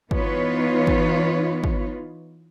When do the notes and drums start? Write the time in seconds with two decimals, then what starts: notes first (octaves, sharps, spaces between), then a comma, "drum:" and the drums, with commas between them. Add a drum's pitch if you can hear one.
0.11 E3 B3 D#4 F4 B4 C#5, drum: kick
0.87 drum: kick
1.64 drum: kick